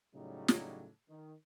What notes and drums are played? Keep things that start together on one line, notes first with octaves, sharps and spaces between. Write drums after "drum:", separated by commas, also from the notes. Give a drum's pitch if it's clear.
A2 C#3 F#3 G3 D#4
drum: snare
D#3